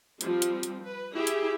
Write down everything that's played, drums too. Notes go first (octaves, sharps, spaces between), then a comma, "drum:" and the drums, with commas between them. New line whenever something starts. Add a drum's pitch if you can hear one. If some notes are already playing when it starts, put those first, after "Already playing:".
F3 G3 C4, drum: hi-hat
drum: hi-hat
drum: hi-hat
B4
E4 G4 G#4 E5
drum: hi-hat